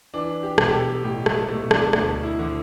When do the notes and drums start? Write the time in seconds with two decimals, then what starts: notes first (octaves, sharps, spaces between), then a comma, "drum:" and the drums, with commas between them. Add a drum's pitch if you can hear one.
0.14 E3 D4
0.43 G4
0.58 B1, drum: rim click
0.68 G4
0.74 A4
1.03 A2 G4
1.26 A3, drum: rim click
1.49 B1 A3
1.71 D4, drum: rim click
1.93 D2 D4, drum: rim click
2.23 E4
2.39 D3